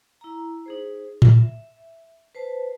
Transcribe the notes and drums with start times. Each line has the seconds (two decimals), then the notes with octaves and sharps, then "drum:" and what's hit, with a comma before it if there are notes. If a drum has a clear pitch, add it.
0.21 E4 A#5
0.66 D#4 G#4 C5
1.22 E5, drum: tom A2
2.35 B4 C5 A5